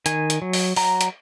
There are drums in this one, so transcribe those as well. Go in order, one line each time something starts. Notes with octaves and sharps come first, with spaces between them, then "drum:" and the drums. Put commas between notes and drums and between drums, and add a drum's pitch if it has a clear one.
D#3 G#5, drum: hi-hat
drum: hi-hat
F#3
drum: open hi-hat
F#3 A#5, drum: open hi-hat
drum: hi-hat